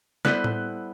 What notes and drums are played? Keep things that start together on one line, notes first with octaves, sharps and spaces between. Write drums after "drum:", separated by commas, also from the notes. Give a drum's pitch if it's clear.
G3 B3 E4 A4 C5 F#6, drum: snare
drum: tom A2